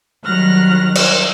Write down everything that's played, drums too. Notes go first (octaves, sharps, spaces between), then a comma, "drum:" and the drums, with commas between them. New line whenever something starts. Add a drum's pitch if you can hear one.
D#3 F#3 G3 F6 F#6 A#6
drum: cymbal